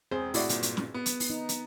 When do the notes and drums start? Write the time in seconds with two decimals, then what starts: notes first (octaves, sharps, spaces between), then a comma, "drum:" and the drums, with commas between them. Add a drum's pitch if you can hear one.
0.11 E1 C4 G#4 C5
0.34 A2 E4 F#4 D5, drum: open hi-hat
0.49 G1 A#2, drum: hi-hat
0.63 drum: hi-hat
0.77 drum: snare
0.94 B3
1.06 drum: hi-hat
1.20 drum: open hi-hat
1.30 D#4
1.49 drum: hi-hat